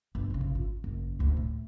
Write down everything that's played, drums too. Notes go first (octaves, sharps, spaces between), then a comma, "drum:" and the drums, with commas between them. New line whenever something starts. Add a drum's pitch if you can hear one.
G1
G#2 C#3
drum: kick G#1
F4
F#1, drum: kick G#1
D2 G#2
A2